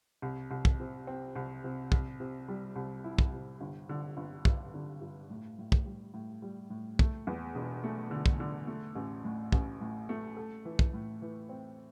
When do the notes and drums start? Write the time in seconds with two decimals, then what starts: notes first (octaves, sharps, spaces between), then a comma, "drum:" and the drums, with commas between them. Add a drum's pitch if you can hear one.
0.22 C2
0.51 C2
0.65 drum: kick
0.80 C3
1.07 C4
1.36 C2
1.64 C3
1.92 C2, drum: kick
2.20 C3
2.48 G3
2.76 C2
3.04 E4
3.18 drum: kick
3.33 C3
3.61 G1
3.89 D3
4.17 G1
4.45 G2, drum: kick
4.74 D3
5.01 G2
5.30 A2
5.58 A2
5.72 drum: kick
5.86 G3
6.14 A2
6.42 G3
6.70 A2
6.99 A3, drum: kick
7.27 E2
7.55 E1
7.84 A3
8.11 D3
8.26 drum: kick
8.40 D3
8.67 A3
8.95 A1
9.24 A2
9.52 A1, drum: kick
9.81 A2
10.09 A3
10.37 A4
10.65 E3
10.79 drum: kick
10.94 A2
11.22 E3
11.49 C4